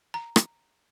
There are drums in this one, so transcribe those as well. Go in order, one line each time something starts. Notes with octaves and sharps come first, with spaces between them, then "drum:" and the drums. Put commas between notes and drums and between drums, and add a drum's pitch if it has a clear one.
A#5
drum: rim click